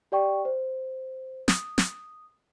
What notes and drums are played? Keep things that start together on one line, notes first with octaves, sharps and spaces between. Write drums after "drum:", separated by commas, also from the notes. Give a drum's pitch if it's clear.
G4 D5 G5 C#6
C5
D#6, drum: snare
drum: snare